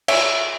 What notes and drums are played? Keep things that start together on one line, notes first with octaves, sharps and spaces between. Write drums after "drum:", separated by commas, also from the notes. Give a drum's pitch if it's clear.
C#5 E5, drum: cymbal